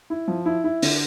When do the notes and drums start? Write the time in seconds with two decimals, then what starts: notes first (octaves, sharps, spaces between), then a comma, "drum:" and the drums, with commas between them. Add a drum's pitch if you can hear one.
0.10 E4
0.28 F3
0.45 E4
0.64 E4
0.82 D3, drum: open hi-hat